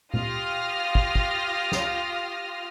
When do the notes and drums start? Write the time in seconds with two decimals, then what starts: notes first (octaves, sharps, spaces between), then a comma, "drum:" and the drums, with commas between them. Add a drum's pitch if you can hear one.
0.14 F4 G4 D#6 F6 A#6, drum: tom A#2
0.95 drum: kick
1.15 drum: kick
1.72 drum: snare